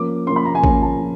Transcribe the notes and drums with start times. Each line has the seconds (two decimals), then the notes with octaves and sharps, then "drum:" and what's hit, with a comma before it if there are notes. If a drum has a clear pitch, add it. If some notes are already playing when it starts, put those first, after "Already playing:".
Already playing: F3 A#3 C#4 D6
0.26 F3 A#3 C#4 C6
0.36 B5
0.45 A#5
0.55 G#5
0.64 F3 A#3 C#4, drum: kick A1
0.82 A5
0.99 F3